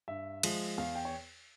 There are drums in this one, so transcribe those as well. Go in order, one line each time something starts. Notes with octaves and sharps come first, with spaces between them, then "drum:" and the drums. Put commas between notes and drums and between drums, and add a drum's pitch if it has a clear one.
G2 E5
F3 G#3, drum: cymbal
E2 F5
G5
C#5